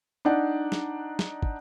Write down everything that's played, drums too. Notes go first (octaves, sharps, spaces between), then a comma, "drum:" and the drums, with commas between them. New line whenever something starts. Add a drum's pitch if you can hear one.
D4 D#4 D5 F#5
drum: snare
drum: snare
drum: kick